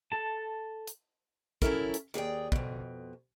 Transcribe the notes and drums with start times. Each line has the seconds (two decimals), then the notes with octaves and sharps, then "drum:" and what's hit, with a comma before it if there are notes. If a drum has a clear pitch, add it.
0.12 A4 A5
0.87 drum: hi-hat
1.62 F#3 C#4 E4 A4 A#4, drum: kick
1.94 drum: hi-hat
2.14 D#2 G#4 D5 G5
2.52 F2 B2, drum: kick